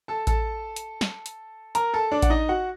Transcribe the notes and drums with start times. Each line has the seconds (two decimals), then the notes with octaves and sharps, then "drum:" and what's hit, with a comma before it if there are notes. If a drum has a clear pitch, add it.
0.08 A4 A5
0.27 A4 A5, drum: kick A1, hi-hat
0.76 drum: hi-hat
1.01 drum: snare
1.26 drum: hi-hat
1.75 A#4 A#5, drum: hi-hat
1.94 A4 A5
2.12 D4 D5
2.22 F#5, drum: kick A1, hi-hat
2.30 D#4 D#5
2.49 F#4 F#5